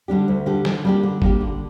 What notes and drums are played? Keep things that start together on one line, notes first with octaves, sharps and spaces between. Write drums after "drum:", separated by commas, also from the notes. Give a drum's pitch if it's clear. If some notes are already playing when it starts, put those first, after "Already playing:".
D3 G3 D4 G4
D2
D3 G3 D4 G4
D3, drum: snare
G3 A#3 D4 G4
D3
G3 A#3 D4 G4, drum: kick G#1
D3